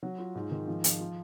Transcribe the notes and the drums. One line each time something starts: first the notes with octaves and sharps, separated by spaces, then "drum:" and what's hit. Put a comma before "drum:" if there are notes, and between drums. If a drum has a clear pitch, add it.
F#3
F4
G#2
D#3
F3
F3, drum: hi-hat
F4